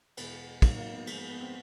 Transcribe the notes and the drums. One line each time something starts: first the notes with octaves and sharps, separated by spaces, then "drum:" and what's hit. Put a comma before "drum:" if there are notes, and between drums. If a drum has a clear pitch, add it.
E2 B2 G#3 B3, drum: cymbal
G#2 D#3 F#3 A#3, drum: kick, cymbal
A#3
B3
G#2 F3 G#3 A#3, drum: cymbal
B3
B3
C4